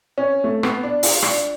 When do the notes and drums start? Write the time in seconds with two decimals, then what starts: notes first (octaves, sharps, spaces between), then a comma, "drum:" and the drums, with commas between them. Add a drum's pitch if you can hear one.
0.18 C#4
0.44 A3
0.63 B3, drum: rim click
0.83 D4
1.03 F4, drum: open hi-hat
1.23 D4, drum: rim click